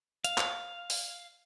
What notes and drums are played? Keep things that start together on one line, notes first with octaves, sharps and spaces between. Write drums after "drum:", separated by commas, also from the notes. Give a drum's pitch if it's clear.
F5, drum: hi-hat
drum: clap
drum: open hi-hat